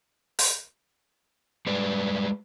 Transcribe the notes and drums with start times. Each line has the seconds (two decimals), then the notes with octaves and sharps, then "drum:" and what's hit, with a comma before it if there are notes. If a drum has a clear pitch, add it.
0.39 drum: open hi-hat
1.67 G3 G#3 B4 D5